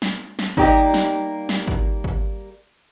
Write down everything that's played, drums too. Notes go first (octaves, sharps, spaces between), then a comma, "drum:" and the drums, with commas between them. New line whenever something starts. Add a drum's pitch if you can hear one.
drum: snare
drum: snare
G3 A#3 D#4 G4 D#5, drum: kick G#1
drum: snare
drum: snare
drum: kick G#1
drum: kick G#1